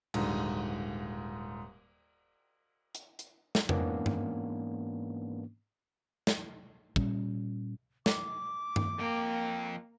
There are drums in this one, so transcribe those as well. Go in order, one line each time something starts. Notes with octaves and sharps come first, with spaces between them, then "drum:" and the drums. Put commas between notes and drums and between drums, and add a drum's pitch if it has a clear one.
D#1 G#2 D3, drum: cymbal
drum: hi-hat
drum: hi-hat
drum: snare
G#2 E3 A#3 B3 C#4 D4, drum: tom F2
drum: tom G2
drum: snare
A#2 G3 C#4, drum: kick
D6, drum: snare
drum: tom G2
F2 A#3 G5